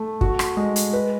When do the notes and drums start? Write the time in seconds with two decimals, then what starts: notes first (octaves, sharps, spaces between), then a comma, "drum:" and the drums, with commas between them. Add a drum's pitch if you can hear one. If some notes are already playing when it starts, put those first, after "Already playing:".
Already playing: A3
0.21 F#4, drum: kick
0.39 drum: rim click
0.57 G#3
0.76 drum: hi-hat
0.93 B4